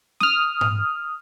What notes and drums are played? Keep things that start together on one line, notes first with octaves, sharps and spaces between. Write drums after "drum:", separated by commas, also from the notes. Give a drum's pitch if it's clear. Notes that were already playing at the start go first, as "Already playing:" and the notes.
D#6 F6, drum: snare C#4
drum: tom G#2